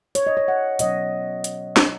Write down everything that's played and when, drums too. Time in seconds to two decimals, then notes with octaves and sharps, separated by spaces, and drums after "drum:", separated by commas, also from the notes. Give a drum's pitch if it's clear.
0.15 C#5, drum: hi-hat
0.27 D#5
0.37 C#5
0.48 F#5
0.79 B2 F#3 C#4 D#5, drum: hi-hat
1.44 drum: hi-hat
1.76 drum: snare